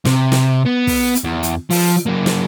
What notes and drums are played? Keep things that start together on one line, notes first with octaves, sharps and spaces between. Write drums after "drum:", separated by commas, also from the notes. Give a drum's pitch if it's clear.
C3, drum: snare
drum: snare
B3
drum: kick, open hi-hat
drum: hi-hat
E2
drum: hi-hat
F3, drum: open hi-hat
F#3 A#3
drum: snare